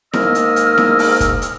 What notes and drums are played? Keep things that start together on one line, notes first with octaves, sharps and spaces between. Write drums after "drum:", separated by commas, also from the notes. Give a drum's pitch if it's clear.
G#2 D#3 A#3 D#5 E6 F6, drum: snare E4
drum: hi-hat
drum: hi-hat
drum: snare E4
drum: open hi-hat
drum: kick, hi-hat
drum: hi-hat